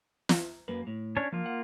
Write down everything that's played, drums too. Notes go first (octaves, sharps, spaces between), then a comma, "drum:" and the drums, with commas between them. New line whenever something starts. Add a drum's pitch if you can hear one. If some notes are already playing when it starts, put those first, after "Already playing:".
drum: snare
F#2 A#3 B4
A2
C#4 D4 C#5
F3 A#3 F4
F#5